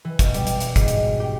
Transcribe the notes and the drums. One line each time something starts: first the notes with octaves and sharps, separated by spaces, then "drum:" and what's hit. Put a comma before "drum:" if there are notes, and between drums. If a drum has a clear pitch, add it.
E3
B2, drum: kick, hi-hat
G3, drum: hi-hat
drum: hi-hat
drum: hi-hat
G#2, drum: kick, hi-hat
drum: hi-hat
G4